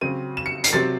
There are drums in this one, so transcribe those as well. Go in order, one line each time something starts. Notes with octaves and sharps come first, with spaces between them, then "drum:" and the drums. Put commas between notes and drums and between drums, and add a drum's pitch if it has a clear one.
C#3 F#3 C4 D#7
E7
C#7
C7, drum: hi-hat
C3 F#3 C4 A6